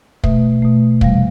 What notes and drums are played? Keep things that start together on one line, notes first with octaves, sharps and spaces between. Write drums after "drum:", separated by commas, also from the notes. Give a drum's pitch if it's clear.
B2 A3 E5, drum: kick
B2 A3
E2 C3 E3 G3 F5, drum: kick